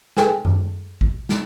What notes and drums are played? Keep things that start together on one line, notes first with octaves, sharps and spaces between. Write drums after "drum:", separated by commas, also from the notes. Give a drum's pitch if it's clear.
G#4 A4 B4 G5 G#5, drum: snare
drum: tom F#2
drum: kick
drum: snare